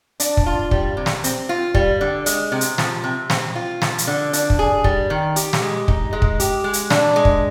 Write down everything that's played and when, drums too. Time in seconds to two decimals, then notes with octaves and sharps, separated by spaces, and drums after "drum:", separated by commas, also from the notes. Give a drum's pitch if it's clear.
0.20 D4, drum: hi-hat
0.37 drum: kick
0.46 F4
0.71 G3, drum: kick
0.97 C3
1.06 drum: snare
1.24 C4, drum: hi-hat
1.49 F4
1.75 G3, drum: kick
2.01 D3
2.26 G#3, drum: hi-hat
2.52 C3
2.61 drum: hi-hat
2.78 F3, drum: snare
3.04 C3
3.30 C4, drum: snare
3.55 F4
3.82 F3, drum: snare
3.98 drum: hi-hat
4.07 D3
4.33 D4, drum: hi-hat
4.50 drum: kick
4.59 G#4
4.84 G3, drum: kick
5.10 D#3
5.36 G4, drum: hi-hat
5.53 drum: snare
5.62 G#3
5.88 D#4, drum: kick
6.13 G#3
6.22 drum: kick
6.40 G4, drum: hi-hat
6.64 G#3
6.73 drum: hi-hat
6.90 D4, drum: snare
7.16 G#3
7.25 drum: kick